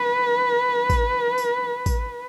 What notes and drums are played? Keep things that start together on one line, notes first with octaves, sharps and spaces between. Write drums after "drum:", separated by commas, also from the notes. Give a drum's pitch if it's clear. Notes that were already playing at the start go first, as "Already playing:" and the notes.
Already playing: B4
drum: kick, tambourine
drum: tambourine
drum: kick, tambourine